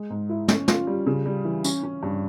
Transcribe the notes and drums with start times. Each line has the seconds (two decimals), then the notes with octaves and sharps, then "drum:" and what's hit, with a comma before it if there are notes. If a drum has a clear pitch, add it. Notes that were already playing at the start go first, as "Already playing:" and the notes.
Already playing: G#3
0.10 G#2
0.29 E4
0.48 C#4, drum: snare
0.68 F4, drum: snare
0.87 G3
1.07 C#3
1.26 G3
1.45 E3
1.64 C#4, drum: tambourine
1.83 C#4
2.03 G2